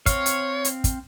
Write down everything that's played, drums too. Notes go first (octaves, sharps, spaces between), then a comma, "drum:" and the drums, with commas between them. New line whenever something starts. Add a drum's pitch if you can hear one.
C4 C#5 F5, drum: kick, hi-hat
drum: hi-hat
drum: hi-hat
drum: kick, hi-hat